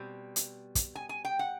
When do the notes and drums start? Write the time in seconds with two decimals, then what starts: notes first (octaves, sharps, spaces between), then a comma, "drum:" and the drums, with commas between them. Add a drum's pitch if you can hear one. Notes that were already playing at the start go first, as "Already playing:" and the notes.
Already playing: B2 G3 C4
0.36 drum: hi-hat
0.75 drum: kick, hi-hat
0.95 G#5
1.09 G#5
1.25 G5
1.39 F#5